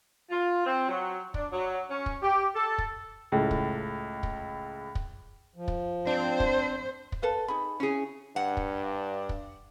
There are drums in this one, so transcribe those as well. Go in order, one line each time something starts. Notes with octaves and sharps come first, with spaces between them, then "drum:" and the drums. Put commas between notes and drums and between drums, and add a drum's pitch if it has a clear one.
F4
C4
F#3
D4, drum: kick
F#3
C#4
drum: kick
G4
A4
drum: kick
C#2 A2
drum: kick
drum: kick
drum: kick
F3
drum: kick
C4 D4 C5
drum: kick
drum: kick
A4 B4 F5
D#4 G#4 B5
C#4 E4 G#4
G2 D4 F#5
drum: kick
drum: kick